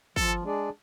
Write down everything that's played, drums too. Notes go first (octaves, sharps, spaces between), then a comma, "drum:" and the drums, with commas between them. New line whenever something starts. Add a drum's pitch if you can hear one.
F3 A4, drum: kick
G#3 D4 G#4 D5